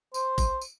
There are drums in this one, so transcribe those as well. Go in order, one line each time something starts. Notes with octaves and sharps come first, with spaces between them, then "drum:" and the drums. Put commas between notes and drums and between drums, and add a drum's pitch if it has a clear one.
C5, drum: tambourine
drum: kick, tambourine
drum: tambourine